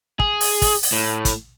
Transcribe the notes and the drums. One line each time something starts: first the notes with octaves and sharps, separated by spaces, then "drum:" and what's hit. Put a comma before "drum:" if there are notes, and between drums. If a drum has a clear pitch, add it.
G#4, drum: kick
drum: open hi-hat
drum: kick, open hi-hat
drum: open hi-hat
A2
drum: kick, hi-hat